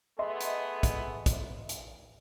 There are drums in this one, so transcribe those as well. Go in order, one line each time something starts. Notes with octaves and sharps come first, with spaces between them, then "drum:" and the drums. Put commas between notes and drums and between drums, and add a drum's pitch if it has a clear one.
A3 B3 G#4 D#5 E5 C6
drum: hi-hat
drum: kick, hi-hat
drum: kick, hi-hat
drum: hi-hat